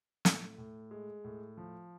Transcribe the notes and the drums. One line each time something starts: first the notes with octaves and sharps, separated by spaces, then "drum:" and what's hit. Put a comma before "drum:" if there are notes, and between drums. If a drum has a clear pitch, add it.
A2, drum: snare
A2
G#3
A2
F3